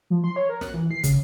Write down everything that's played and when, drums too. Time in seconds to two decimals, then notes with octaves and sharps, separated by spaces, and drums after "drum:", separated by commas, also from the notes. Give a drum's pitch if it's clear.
0.10 F3
0.24 C6
0.36 C#5
0.49 A#4
0.61 F#6, drum: snare
0.74 E3
0.91 C7
1.04 C#3, drum: kick, hi-hat